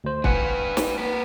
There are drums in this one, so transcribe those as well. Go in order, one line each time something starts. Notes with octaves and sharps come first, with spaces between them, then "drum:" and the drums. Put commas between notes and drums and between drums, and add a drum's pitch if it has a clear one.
D2 C5
D4 B4 F#5 G#5, drum: kick
drum: snare
A#3 B4